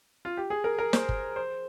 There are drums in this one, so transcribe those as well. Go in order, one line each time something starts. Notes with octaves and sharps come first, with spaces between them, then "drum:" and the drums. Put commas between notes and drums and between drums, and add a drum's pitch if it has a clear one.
F4
G4
G#4
A#4
A#4
C5, drum: snare
drum: kick G1
C5